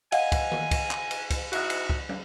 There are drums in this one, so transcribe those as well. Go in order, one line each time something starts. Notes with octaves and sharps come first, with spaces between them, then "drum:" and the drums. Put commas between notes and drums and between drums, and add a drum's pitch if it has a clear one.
D#5 F5 F#5 G#5, drum: cymbal
drum: kick, cymbal
drum: tom D#3
drum: kick, cymbal
drum: clap
drum: cymbal
drum: kick, cymbal
G#2 E4 F#4, drum: cymbal
drum: cymbal
drum: kick
drum: tom